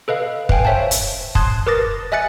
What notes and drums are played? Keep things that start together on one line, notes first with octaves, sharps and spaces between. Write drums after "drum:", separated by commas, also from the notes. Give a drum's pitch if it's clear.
A4 B4 D#5 F5
B4 F5 G5 G#5, drum: kick
C5 C#5 E5 G5 A5
drum: hi-hat
A5 C6 D#6 F#6 G#6, drum: kick
A#4 B4 D6 D#6 A6 A#6
D#5 E5 G#5 F#6 A6 C#7